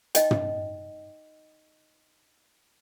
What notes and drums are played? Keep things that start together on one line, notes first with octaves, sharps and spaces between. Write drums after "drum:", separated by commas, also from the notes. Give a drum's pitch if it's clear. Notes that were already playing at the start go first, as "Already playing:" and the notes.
D#4 D#5 G5, drum: hi-hat
drum: tom